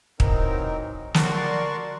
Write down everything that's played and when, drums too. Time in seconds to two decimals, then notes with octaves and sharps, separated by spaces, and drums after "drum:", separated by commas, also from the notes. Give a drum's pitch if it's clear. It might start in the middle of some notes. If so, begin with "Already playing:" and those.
0.20 E3 F#3 C4 D#4 A#4, drum: kick
1.14 F#4 A#4 D5 A5 C6 C#6, drum: snare